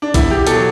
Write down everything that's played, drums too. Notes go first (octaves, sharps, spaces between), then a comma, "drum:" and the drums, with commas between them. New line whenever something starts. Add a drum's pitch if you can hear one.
D4
E2 E4, drum: kick A#1, hi-hat
G4
B2 F#3 A4, drum: hi-hat